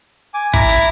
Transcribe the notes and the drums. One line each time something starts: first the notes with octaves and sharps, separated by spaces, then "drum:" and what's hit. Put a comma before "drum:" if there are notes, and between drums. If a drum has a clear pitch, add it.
G#5 D6
E4 A#5 D6, drum: kick
drum: hi-hat